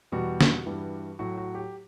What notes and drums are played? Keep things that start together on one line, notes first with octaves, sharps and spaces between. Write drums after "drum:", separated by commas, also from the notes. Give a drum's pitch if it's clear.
E2 B2 G3 F#4
drum: snare
G2 E3 G3
A2 F#3 F#4
F#4
G4